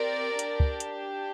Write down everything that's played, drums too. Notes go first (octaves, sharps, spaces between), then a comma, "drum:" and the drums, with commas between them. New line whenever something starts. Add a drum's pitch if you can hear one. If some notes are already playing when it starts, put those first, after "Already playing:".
Already playing: C4 G4 A#4 D5
D4 G4, drum: hi-hat
drum: kick
drum: hi-hat